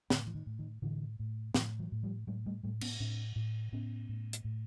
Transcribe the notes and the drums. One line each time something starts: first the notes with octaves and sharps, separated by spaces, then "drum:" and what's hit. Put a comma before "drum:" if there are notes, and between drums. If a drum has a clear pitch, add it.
A2 D3, drum: snare
E3
D#3
A2
D#3
A2 D3 E3
A2
A2 D#3 F3, drum: snare
E3 F#3
A2
F3 G3
A2 F#3 G#3
G3 A3
A2 G3 A3
B3 C#4, drum: cymbal
A2 C4 D4
A2
A2 B3 C#4
A2
drum: hi-hat
A2